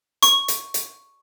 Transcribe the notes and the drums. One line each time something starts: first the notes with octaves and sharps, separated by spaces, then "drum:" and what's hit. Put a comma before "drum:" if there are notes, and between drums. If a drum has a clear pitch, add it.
C#6, drum: hi-hat
drum: hi-hat
drum: hi-hat